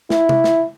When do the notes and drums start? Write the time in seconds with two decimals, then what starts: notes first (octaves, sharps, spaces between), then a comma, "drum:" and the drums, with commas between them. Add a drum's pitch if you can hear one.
0.10 E4, drum: snare
0.29 drum: tom C3
0.44 drum: snare